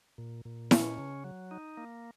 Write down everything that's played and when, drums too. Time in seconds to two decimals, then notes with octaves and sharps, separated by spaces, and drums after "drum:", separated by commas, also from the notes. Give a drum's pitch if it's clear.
0.18 A#2
0.45 A#2
0.71 C#4, drum: snare E4
0.98 C#3
1.24 F#3
1.51 D#4
1.77 A#3